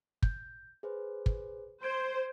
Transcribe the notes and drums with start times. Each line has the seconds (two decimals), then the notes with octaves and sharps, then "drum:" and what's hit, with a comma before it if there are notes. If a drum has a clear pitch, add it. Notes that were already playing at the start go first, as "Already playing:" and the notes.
0.23 G6, drum: kick
0.83 G#4 B4 C5
1.26 drum: kick
1.83 C5 G6 G#6 D7